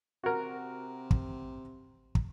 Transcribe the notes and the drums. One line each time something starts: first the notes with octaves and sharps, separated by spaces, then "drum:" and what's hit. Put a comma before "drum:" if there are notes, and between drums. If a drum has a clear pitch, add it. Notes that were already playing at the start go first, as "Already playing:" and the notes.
C3 F#4 A#4
drum: kick
drum: kick